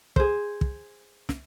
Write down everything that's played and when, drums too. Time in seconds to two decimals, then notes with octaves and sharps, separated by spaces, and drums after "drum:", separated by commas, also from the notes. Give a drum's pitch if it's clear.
0.16 G#4 C5, drum: kick
0.61 drum: kick
1.29 drum: snare